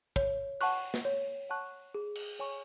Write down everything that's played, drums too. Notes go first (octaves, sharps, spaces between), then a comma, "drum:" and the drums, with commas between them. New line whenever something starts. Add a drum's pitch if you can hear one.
C#5, drum: kick
F#5 A5 C#6 F#6, drum: open hi-hat
drum: snare
C#5
F#5 A5 C#6 F#6
G#4
drum: cymbal
C#5 G#5 C#6